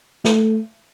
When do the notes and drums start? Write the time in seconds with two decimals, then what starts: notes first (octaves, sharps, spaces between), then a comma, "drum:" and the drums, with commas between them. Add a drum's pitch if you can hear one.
0.25 A3, drum: snare